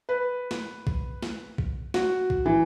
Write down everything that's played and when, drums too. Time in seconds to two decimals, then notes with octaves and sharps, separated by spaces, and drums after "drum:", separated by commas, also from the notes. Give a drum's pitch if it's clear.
0.09 B4
0.51 drum: snare
0.87 drum: kick A#1
1.23 drum: snare
1.58 drum: kick A#1
1.94 F#4, drum: snare
2.30 drum: kick A#1
2.46 E3